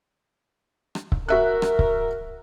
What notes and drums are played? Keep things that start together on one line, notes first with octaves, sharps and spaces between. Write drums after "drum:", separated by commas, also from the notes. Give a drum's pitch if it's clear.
drum: rim click
drum: kick C#1
F#4 A#4 E5 F#6
drum: rim click
drum: kick C#1